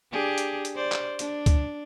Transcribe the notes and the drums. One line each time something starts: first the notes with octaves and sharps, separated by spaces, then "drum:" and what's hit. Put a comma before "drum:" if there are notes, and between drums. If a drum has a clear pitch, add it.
D4 G4 G#4
drum: hi-hat
drum: hi-hat
C5 D5
drum: clap
D4, drum: hi-hat
drum: kick C#2, hi-hat